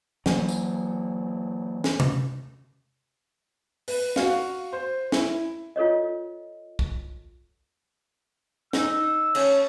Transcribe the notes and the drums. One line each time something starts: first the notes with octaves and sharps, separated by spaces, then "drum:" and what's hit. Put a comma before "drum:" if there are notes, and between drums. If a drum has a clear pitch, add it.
E3 F#3 A#3, drum: snare
drum: tambourine
drum: snare
drum: tom C3
B4, drum: open hi-hat
F#4 F5, drum: snare
C5
E4, drum: snare
F4 A4 C#5 D#5
drum: kick
D#4 E6, drum: snare
A3 C#4 C#5, drum: cymbal